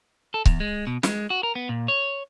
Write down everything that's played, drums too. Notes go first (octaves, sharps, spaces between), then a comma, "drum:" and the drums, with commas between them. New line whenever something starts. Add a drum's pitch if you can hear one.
A4
E2, drum: kick C#1
G#3
B2
G#3, drum: snare
F#4
A#4
B3
A#2
C#5